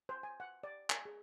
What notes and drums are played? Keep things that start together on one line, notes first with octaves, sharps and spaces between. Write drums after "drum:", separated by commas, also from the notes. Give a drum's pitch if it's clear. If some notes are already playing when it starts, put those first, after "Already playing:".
C5
G#5
F#5
D5
G#5, drum: clap
G#4